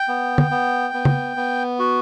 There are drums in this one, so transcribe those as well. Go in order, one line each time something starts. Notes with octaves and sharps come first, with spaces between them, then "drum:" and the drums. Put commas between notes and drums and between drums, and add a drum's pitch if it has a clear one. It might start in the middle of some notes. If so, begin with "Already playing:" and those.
Already playing: G5
B3
drum: tom
B3
B3
drum: tom
B3
F#4